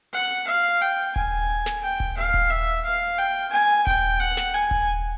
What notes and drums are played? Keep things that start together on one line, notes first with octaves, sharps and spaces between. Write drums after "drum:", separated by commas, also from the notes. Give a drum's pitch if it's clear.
F#5
F5
G5
G#5, drum: kick D#1
drum: snare
G5
drum: kick D#1
F5
drum: kick D#1
E5
F5
G5
G#5
G5, drum: kick D#1
F#5
drum: snare
G#5
drum: kick D#1